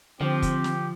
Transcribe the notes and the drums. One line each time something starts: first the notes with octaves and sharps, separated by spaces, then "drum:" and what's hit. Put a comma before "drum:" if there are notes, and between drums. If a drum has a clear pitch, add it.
D3 F3 C4 G4
drum: kick, hi-hat
drum: snare